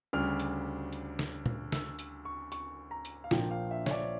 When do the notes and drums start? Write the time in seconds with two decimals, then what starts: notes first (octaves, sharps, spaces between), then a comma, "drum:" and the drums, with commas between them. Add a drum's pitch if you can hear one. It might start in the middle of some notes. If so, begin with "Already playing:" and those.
0.13 D2 C#3 G3 D4 F6
0.40 drum: hi-hat
0.93 drum: hi-hat
1.19 drum: snare
1.46 drum: tom A#2
1.72 E6, drum: snare
1.99 drum: hi-hat
2.25 C#6
2.52 C#6, drum: hi-hat
2.91 A#5
3.05 drum: hi-hat
3.24 F5
3.31 A#1 A#2 F3 A#3 D4 G5, drum: snare
3.51 F5
3.71 E5
3.86 C#5, drum: snare
3.91 D5